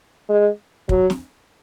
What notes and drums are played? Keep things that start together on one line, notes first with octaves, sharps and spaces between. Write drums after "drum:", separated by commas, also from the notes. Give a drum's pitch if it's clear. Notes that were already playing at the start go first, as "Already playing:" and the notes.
G#3
F#3, drum: kick
drum: snare